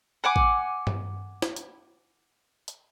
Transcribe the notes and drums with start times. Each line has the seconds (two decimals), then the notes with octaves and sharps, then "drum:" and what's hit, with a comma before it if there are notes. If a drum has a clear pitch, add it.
0.24 F#5 G#5 D6
0.36 drum: kick A1
0.87 drum: tom G2
1.42 drum: snare
1.56 drum: hi-hat
2.68 drum: hi-hat